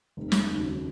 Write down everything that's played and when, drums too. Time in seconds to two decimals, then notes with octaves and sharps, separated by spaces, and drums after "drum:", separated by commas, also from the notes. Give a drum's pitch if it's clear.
0.17 F1
0.32 drum: snare
0.51 D#2 C#3 F#3